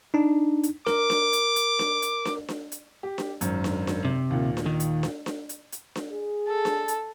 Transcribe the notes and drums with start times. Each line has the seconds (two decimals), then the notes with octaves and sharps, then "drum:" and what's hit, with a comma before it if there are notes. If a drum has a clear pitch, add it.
0.14 D4 D#4
0.63 drum: hi-hat
0.87 A#4 D6, drum: snare D4
1.10 drum: snare D4
1.33 drum: hi-hat
1.56 drum: hi-hat
1.79 drum: snare D4
2.02 drum: hi-hat
2.25 drum: snare D4
2.49 drum: snare D4
2.72 drum: hi-hat
3.03 G4
3.18 drum: snare D4
3.41 G#1 F#2, drum: hi-hat
3.64 drum: snare D4
3.87 drum: snare D4
4.05 C3
4.31 D#2 A#2
4.57 drum: snare D4
4.66 D#3
4.80 drum: hi-hat
5.03 drum: snare D4
5.26 drum: snare D4
5.49 drum: hi-hat
5.72 drum: hi-hat
5.96 drum: snare D4
6.12 G#4
6.49 A4
6.65 drum: snare D4
6.88 drum: hi-hat